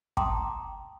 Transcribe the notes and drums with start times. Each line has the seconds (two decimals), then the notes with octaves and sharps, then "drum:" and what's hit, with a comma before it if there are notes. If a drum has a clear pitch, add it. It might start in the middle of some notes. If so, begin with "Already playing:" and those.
0.17 G5 A5 A#5 C6 D6 D#6, drum: kick